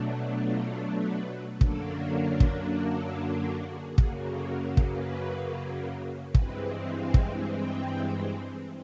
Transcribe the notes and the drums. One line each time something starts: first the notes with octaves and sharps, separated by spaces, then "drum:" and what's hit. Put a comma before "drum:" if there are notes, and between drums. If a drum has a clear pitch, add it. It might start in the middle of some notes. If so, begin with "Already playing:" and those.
Already playing: B2 F#3 A3 D4
F4
B4
F#2 D3 F#3 A#3 D4 A4, drum: kick
A#4
drum: kick
A4
A#4
G#4
F#2 C#3 F#3 A#3 G#4, drum: kick
A4
A#4
drum: kick
B4
G2 E3 G#3 C4 B4, drum: kick
F5
drum: kick
G5
G5